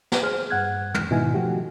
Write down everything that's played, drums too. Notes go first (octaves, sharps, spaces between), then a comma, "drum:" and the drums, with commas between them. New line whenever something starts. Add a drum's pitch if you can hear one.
drum: snare
G#4 C5 F6
G2 F#5 F#6 G#6
E2 F6, drum: tom
G#2 B2 D#3 D#4 E4 G#5
F3 A3 F#4 G4